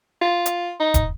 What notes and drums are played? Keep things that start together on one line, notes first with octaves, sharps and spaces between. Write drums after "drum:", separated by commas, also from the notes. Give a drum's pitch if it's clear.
F4
drum: hi-hat
D#4
drum: kick, hi-hat